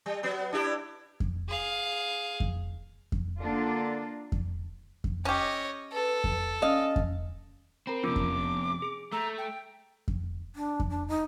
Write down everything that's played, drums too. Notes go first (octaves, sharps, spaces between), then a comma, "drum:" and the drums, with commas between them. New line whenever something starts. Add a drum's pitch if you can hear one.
G3
F#3 B3
D4 E4 G4
drum: kick F2
G#4 F5
drum: kick F2
drum: kick F2
D3 A#3 D4 F4
drum: kick F2
drum: kick F2
C#4 G4 C#5 D#5
A4 B4
drum: kick F2
C#4 D#5 F5
drum: kick F2
C4 A#4 A#5 B5
F2 C3 B3 C#4 F4 D6
drum: kick F2
G#4 D7
A3 A#5 E6 G6
G5
drum: kick F2
D4
drum: kick F2
D4
D#4